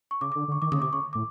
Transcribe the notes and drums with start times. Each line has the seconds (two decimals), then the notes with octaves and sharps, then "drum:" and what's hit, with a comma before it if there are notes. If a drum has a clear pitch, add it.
0.11 C#6
0.21 C#3 D6
0.32 D3 D6
0.48 D3 C#6
0.62 D#3 D6
0.72 C#3 D#6, drum: tom D3
0.82 C3 D6
0.93 C#3 C#6
1.13 A2 D6